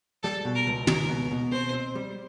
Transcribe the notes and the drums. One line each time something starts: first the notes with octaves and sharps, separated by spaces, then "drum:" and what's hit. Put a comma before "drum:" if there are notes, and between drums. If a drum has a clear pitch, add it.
G3 A4
B2
A#4
C#2
C#2 A#4, drum: tom
B2
B2
C4 C5
C4
G3